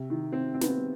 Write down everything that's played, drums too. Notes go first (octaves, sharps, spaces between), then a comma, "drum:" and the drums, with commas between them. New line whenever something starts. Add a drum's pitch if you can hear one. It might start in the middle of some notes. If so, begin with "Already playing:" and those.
Already playing: C3
D#3
C4
C4
B3, drum: snare
C4